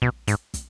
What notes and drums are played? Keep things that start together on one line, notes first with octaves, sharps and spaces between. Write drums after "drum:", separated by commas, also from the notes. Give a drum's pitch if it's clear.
B2, drum: kick
G#2, drum: hi-hat
drum: kick, hi-hat